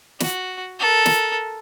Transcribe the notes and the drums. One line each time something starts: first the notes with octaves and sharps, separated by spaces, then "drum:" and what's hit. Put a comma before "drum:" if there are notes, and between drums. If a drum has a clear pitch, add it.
F#4, drum: snare
A4 A#4
drum: snare